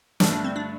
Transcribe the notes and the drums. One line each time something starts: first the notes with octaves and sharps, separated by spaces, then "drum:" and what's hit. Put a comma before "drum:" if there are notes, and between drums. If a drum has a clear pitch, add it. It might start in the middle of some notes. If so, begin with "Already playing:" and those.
G2 D3 A3 D4, drum: snare
D4
C4
D4